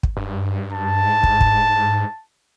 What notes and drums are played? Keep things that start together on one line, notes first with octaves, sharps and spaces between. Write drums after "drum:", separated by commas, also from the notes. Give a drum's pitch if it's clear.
drum: kick
G2
A5
G#2
drum: kick
drum: kick